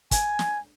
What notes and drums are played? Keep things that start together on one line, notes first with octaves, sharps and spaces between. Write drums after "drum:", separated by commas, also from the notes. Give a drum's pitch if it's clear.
G#5, drum: kick, hi-hat
drum: snare